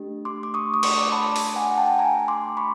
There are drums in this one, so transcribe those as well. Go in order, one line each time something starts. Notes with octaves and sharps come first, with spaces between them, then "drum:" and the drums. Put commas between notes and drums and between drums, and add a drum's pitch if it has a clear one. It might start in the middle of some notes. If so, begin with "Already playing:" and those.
Already playing: A3 D4 G4
C6 D6
D6
C#6 D#6
D#6
C6 D6, drum: cymbal
A5 B5
drum: open hi-hat
F#5 G#5
G5 A5
G#5 A#5
C6 D6
B5 C#6